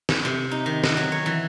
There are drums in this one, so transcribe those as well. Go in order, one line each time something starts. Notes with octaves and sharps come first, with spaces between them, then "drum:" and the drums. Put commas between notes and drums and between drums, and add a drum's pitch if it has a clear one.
drum: snare
C3
D#4
D#3
F#4, drum: snare
F#3
C#5
E3